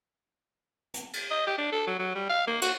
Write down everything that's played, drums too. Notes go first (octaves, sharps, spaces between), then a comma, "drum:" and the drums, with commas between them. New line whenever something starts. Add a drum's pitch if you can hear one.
drum: hi-hat
drum: cymbal
D#5
G4
D4
A4
F#3
F#3
G3
F5
A#3
F#4, drum: cymbal